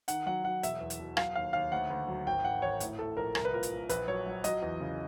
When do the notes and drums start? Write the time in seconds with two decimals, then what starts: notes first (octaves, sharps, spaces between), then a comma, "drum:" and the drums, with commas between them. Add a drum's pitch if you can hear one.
0.08 D#3 F#5, drum: hi-hat
0.26 F#3 F#5
0.44 F#3 F#5
0.63 E1 E5, drum: hi-hat
0.81 E2
0.90 drum: hi-hat
0.99 B2
1.17 F#3 F5, drum: rim click
1.35 D#2 F5
1.53 D#2 F5
1.72 D2 F#5
1.90 D2
2.08 F#3
2.26 G#1 G5
2.44 G#1 F#5
2.62 G#1 C#5
2.80 A2, drum: hi-hat
2.99 A2 A4
3.17 A#1 A#4
3.35 C2 A#4, drum: rim click
3.45 B4
3.53 A#2 A#4
3.63 drum: hi-hat
3.72 A#2
3.89 A#1 B4, drum: hi-hat
4.08 F#3 C#5
4.26 F#3
4.44 F#3 D#5, drum: hi-hat
4.62 E2
4.80 C#3